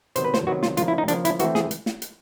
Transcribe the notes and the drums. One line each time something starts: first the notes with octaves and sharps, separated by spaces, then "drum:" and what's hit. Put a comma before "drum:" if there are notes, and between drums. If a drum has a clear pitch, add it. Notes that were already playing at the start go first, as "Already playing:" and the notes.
C3 D#3 F#3 B3 C5, drum: hi-hat
B4
C5, drum: snare
C3 D#3 F#3 B3 F#4
F4, drum: snare
C#3 F3 A#3 F4, drum: hi-hat
E4
D#4
C#3 F3 A#3 D4, drum: hi-hat
E4, drum: hi-hat
E3 A3 C4 F#4, drum: hi-hat
G#4, drum: snare
drum: hi-hat
drum: snare
drum: hi-hat